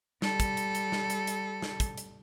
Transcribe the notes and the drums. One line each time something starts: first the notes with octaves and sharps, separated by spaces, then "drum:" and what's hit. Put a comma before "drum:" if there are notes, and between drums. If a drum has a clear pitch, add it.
G3 A4, drum: snare
drum: kick, hi-hat
drum: hi-hat
drum: hi-hat
drum: snare
drum: hi-hat
drum: hi-hat
drum: snare
drum: kick, hi-hat
drum: hi-hat